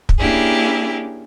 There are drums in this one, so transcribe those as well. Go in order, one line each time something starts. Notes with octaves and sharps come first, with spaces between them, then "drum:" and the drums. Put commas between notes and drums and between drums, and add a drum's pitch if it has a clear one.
drum: kick
A#3 C#4 D4 E4 G4 G#4